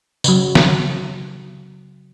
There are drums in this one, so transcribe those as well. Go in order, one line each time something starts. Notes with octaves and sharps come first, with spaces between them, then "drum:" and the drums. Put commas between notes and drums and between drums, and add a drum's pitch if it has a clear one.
C#3 F#3, drum: tambourine
drum: snare